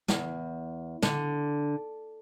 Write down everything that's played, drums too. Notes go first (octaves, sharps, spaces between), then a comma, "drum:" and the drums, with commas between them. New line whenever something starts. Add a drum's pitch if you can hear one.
E2, drum: snare
D3, drum: snare